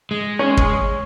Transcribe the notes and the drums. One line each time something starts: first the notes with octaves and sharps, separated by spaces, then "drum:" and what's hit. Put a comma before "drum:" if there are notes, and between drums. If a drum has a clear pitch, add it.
G#3
C#4
drum: kick